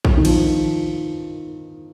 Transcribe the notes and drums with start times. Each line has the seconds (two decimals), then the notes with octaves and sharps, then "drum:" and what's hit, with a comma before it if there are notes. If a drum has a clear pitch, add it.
0.05 drum: kick A#1
0.17 D#3
0.25 F3, drum: cymbal